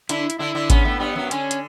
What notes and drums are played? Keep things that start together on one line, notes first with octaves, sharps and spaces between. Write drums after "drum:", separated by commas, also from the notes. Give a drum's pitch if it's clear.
D3 D4 E4, drum: hi-hat
drum: hi-hat
D3 D4 E4
D3 D4
C#3 B3 C#4, drum: kick G#1, hi-hat
A2 A3
G2 G3 B3
F#2 F#3
D3 C#4, drum: hi-hat
drum: hi-hat